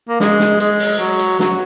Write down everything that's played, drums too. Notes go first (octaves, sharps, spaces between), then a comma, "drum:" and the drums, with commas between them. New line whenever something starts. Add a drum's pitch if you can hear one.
A#3
G#3, drum: snare
drum: snare
G#3, drum: hi-hat
drum: open hi-hat
F#3
drum: hi-hat
F#3, drum: snare